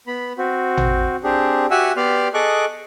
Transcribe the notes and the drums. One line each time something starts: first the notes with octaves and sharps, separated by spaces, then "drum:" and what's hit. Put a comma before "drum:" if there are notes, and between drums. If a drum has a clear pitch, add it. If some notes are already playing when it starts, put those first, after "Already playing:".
B3 B5
C4 F#4
drum: tom A1
C4 D4 G4 G#4
F#4 G4 E5 F#5 G#5 E6
B3 G4 D5 C6 F6
G#4 A4 D#5 C#6 D6 F#6